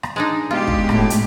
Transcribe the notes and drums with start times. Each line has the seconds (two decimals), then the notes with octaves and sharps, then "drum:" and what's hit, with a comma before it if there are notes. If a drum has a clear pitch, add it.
0.03 drum: rim click
0.16 G#3 D4 D#4
0.51 B2 G#3 F4 G4
0.67 drum: kick
0.89 A2, drum: rim click
1.10 drum: hi-hat